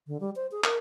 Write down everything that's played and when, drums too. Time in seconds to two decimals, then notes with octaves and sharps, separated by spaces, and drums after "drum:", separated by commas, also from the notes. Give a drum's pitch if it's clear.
0.07 D3
0.20 G3
0.36 C5
0.51 G#4
0.64 A#4, drum: clap